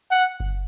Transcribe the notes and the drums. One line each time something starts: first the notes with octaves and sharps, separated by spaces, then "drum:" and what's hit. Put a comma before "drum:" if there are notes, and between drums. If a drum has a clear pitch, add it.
F#5
drum: kick F#1